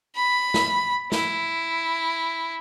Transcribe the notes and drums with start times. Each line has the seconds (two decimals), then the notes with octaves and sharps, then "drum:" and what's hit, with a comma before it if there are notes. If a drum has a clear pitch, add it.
0.16 B5
0.54 drum: snare
1.12 E4, drum: snare